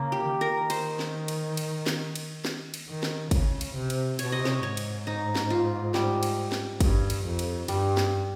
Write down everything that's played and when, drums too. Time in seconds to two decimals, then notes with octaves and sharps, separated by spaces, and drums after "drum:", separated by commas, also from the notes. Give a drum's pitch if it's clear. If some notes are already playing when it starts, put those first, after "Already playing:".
Already playing: C#3 A#3
0.12 G4
0.27 D#3
0.41 A#4
0.70 C5, drum: cymbal
0.99 drum: snare
1.28 drum: cymbal
1.57 drum: cymbal
1.86 drum: snare
2.16 drum: cymbal
2.45 drum: snare
2.74 drum: cymbal
2.89 D#3
3.03 drum: snare
3.31 C#3, drum: kick, cymbal
3.61 drum: cymbal
3.75 C3
3.90 drum: cymbal
4.19 C3 C#5, drum: cymbal
4.32 D#5
4.45 C#5, drum: snare
4.63 G#2 C#5
4.77 drum: cymbal
5.07 D#4
5.35 drum: snare
5.50 F4
5.94 G3, drum: snare
6.23 drum: cymbal
6.52 drum: snare
6.81 G2, drum: kick, cymbal
7.10 drum: cymbal
7.25 F2
7.39 drum: cymbal
7.68 G2 G3, drum: cymbal
7.97 drum: snare